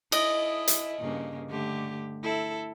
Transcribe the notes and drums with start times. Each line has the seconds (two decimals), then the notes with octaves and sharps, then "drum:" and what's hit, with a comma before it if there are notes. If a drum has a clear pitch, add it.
0.12 E4 D#5, drum: cymbal
0.68 drum: hi-hat
0.99 G2 C#3 A#3
1.50 D3 A3 G4
2.23 E4 A4